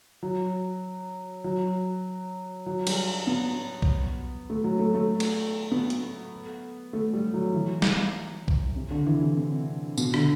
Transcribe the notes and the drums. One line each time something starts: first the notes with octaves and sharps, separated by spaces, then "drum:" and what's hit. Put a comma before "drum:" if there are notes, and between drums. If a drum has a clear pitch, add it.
F#3
F#3
F#3
G3, drum: cymbal
B3
drum: kick B1
A3
F#3
A3
A3
drum: cymbal
B3
drum: hi-hat
A3
G3
F#3
E3
drum: snare
drum: kick B1
C3
D3
E3
C3
C3
B2, drum: tambourine
D3, drum: rim click